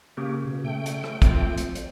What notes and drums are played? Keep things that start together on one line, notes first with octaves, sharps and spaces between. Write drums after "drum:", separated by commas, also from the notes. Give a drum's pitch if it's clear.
C#3 A#3 G4
B2
A3 G5
drum: hi-hat
drum: rim click
F3 C4, drum: kick, hi-hat
drum: hi-hat
drum: hi-hat